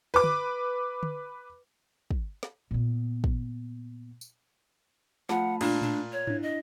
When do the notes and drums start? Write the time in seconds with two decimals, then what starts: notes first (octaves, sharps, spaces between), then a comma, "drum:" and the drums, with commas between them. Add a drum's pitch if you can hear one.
0.14 B4 D6
0.24 drum: tom D3
1.03 drum: tom D3
2.11 drum: kick
2.43 drum: snare
2.71 A#2 B3
3.24 drum: kick
4.21 drum: tambourine
5.29 F3 A3 F#5 A5 B5, drum: snare
5.61 A#2 D4, drum: cymbal
5.82 D4, drum: tom A2
6.12 C#5
6.27 D4 E4, drum: tom G#2
6.42 D#5